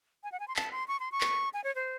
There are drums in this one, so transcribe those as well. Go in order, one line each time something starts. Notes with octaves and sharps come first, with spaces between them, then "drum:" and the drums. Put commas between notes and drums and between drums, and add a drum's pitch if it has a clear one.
G#5
F#5
G#5
C6
A5, drum: clap
C6
C#6
C6
C#6
drum: clap
G#5
C#5
C5